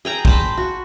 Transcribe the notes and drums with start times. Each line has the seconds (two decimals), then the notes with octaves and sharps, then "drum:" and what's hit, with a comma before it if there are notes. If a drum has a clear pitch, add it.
0.05 G#4 G5 A#5
0.25 C5 A5 B5, drum: kick
0.57 F#4